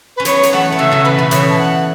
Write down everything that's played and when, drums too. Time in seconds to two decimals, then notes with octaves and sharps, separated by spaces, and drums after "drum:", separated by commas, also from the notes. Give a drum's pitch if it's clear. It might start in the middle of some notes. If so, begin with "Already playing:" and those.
0.16 C#4 B4
0.25 F#3 B3 C#5, drum: hi-hat
0.43 drum: hi-hat
0.52 E3 A3 F#5
0.72 A3
0.78 C#3 F#3 E5
0.91 C#3 F#3
1.05 B2 E3 B4
1.19 C#3
1.31 B2 E3 C#5, drum: hi-hat
1.49 A5
1.58 F#5